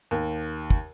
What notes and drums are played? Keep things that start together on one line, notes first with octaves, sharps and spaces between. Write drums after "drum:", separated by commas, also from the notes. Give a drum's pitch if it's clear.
D#2
drum: kick